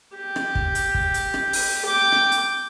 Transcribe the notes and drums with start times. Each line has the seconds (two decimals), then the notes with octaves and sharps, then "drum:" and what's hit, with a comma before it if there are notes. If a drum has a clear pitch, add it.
0.16 G4
0.36 drum: rim click
0.55 drum: kick
0.75 drum: hi-hat
0.95 drum: kick
1.14 drum: hi-hat
1.34 drum: rim click
1.53 drum: open hi-hat
1.86 G5 D6
2.12 drum: rim click
2.32 drum: hi-hat